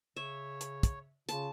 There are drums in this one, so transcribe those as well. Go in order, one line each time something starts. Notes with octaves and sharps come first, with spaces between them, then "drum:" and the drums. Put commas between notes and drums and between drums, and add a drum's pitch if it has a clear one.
C#3 C#5 E5
drum: hi-hat
drum: kick, hi-hat
C#3 F4 A5, drum: hi-hat